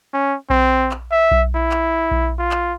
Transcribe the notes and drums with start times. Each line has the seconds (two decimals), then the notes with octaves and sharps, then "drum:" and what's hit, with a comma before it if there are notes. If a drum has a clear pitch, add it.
0.13 C#4
0.50 C4, drum: kick B1
0.91 drum: clap
1.11 E5
1.31 drum: kick B1
1.55 E4
1.71 drum: clap
2.11 drum: kick B1
2.39 F4
2.51 drum: clap